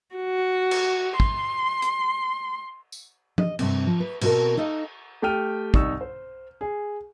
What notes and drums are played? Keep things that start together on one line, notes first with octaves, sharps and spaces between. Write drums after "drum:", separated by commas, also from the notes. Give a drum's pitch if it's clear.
F#4
drum: cymbal
C6, drum: kick
drum: hi-hat
drum: tambourine
D#5, drum: tom F3
G2 C3 C4, drum: cymbal
F3
B4
B2 C4 F#4 A4 A#4, drum: cymbal
D#4 A4 D#5 F5
A3 G4 G5 F6 D#7
C2 D#4 C#6 E6, drum: kick
C5
G#4